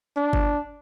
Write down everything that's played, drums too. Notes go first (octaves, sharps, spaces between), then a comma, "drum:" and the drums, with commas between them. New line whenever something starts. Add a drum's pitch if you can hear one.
D4
drum: kick G1